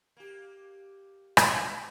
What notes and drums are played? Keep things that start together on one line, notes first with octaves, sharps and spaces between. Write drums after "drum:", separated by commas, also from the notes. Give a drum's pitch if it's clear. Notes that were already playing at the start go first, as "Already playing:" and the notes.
A#3 G4
drum: rim click